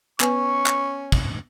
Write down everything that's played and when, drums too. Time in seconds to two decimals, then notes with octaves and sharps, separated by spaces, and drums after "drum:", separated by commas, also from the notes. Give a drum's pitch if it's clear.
0.20 B3 C#4 B4 G#5 C#6, drum: clap
0.66 drum: clap
1.12 drum: kick